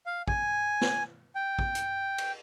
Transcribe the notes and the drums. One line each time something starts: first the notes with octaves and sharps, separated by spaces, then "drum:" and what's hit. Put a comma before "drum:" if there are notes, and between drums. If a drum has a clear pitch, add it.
F5
G#5, drum: kick
drum: snare
G5
drum: kick
drum: hi-hat
drum: cymbal